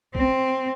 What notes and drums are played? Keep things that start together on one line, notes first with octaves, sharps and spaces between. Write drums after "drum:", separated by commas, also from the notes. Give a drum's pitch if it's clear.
C4, drum: kick